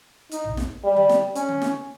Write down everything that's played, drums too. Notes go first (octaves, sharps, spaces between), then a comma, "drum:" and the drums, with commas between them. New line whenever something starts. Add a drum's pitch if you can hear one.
D#4, drum: hi-hat
drum: tom
drum: snare
G3
drum: tom D3
drum: snare
C#4, drum: hi-hat
drum: tom D3
drum: snare